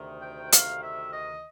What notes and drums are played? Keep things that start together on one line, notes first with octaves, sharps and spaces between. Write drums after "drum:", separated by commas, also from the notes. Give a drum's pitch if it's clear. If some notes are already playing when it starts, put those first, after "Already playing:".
Already playing: D2 C3 D#3
G5
F5, drum: hi-hat
E5
D#5